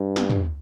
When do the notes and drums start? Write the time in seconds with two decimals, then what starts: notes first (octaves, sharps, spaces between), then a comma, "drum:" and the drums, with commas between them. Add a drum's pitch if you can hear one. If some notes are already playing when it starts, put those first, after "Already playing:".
Already playing: G2
0.16 drum: snare
0.30 drum: tom